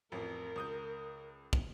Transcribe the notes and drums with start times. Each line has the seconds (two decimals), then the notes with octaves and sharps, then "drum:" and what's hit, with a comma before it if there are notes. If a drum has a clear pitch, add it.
0.12 A1 F2 A#4
0.56 C#2 D#6 G6
1.53 drum: kick